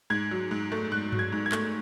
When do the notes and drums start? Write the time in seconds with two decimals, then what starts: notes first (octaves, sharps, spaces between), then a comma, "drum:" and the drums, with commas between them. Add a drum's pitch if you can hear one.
0.10 G#2 G#6
0.31 F#3
0.51 G#2
0.72 A3
0.91 G#2 F#6
1.12 F#3, drum: tom G2
1.19 G#6
1.32 G#2
1.46 G#6
1.52 A3, drum: clap